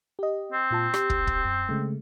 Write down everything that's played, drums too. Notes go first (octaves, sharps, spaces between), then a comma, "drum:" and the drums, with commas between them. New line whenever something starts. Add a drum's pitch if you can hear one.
G4 D#5
C4
A#2 F4 A5
G4, drum: rim click
drum: kick
drum: kick
F#2
C#3 G#3 A3